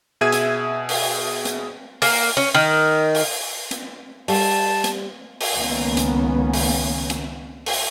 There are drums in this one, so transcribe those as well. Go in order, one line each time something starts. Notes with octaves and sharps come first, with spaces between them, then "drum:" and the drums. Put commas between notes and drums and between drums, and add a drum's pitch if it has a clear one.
B2 G#4 E5 G#6 D#7
drum: hi-hat
drum: open hi-hat
drum: hi-hat
A#3, drum: open hi-hat
C#4
D#3
drum: open hi-hat
drum: hi-hat
G3 A5, drum: open hi-hat
drum: hi-hat
drum: open hi-hat
C#2 D#3 A#3 B3 C#4
drum: hi-hat
drum: open hi-hat
drum: hi-hat
drum: open hi-hat